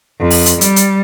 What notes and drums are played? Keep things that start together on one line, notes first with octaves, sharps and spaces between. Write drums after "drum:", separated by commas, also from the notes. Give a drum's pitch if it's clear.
F2
drum: open hi-hat
drum: hi-hat
G3, drum: hi-hat
drum: hi-hat